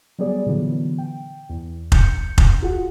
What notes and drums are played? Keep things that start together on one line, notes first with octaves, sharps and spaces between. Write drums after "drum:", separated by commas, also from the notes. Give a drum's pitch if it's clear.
F#3 G3 B3 G#4 D5
A#2 D3 E3 F#3 B3
G5
E2
G6 C#7, drum: kick F1
drum: kick F1
F4 F#4 G#4 F#5